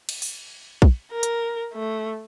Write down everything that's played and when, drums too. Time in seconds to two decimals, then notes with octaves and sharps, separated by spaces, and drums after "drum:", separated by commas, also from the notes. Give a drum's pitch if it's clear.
0.09 drum: cymbal
0.22 drum: open hi-hat
0.82 drum: kick
1.11 A#4
1.23 drum: hi-hat
1.74 A3